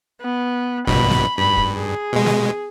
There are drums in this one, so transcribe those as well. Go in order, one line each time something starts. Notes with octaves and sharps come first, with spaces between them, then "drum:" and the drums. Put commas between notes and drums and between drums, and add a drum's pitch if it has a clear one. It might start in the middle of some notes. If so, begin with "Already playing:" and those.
B3
A#1 G2 B2 B5, drum: kick
drum: snare
G2 B5
drum: kick
G#4
B2 G#3
drum: snare